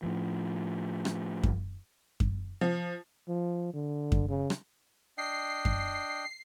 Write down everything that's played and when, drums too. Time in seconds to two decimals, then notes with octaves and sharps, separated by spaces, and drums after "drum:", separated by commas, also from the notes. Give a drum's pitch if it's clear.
0.03 A2 F3
1.05 drum: rim click
1.43 drum: kick F#2
2.20 drum: kick F#2
2.61 F3
3.28 F3
3.73 D3
4.12 drum: kick F#2
4.29 C#3
4.50 drum: rim click
5.18 D4 D#5 G5 C7
5.65 drum: kick F#2